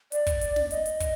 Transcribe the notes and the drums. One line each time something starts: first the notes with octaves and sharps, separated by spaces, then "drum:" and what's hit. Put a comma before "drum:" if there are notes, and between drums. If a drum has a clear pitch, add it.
D5, drum: hi-hat
drum: kick, hi-hat
drum: hi-hat
drum: snare
D#5, drum: hi-hat
drum: hi-hat
drum: kick, hi-hat